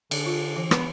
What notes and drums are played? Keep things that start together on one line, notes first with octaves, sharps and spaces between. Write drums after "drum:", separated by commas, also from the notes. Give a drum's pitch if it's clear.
D3, drum: cymbal
F4
E3
B3 B4, drum: rim click